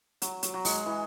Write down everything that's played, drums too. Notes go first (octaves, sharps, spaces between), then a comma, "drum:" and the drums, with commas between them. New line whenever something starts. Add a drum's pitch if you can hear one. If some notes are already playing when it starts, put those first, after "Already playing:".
F#3, drum: hi-hat
F#3, drum: hi-hat
F#3
G#3, drum: open hi-hat
E3